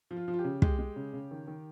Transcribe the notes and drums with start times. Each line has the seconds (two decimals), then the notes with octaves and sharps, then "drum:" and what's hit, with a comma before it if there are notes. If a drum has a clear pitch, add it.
0.11 F3
0.17 F4
0.28 F3
0.34 F4
0.39 G4
0.44 C#3
0.62 G#3 G4, drum: kick
0.79 G#3
0.96 C#3
1.13 C#3
1.31 D#3
1.47 D#3